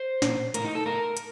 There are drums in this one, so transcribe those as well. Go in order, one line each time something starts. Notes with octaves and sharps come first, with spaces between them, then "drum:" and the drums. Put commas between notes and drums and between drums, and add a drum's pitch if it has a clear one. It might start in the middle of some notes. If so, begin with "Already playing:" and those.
Already playing: C5
A#2, drum: snare
A2 A#4, drum: hi-hat
D#4
A4
A2 A#4
drum: hi-hat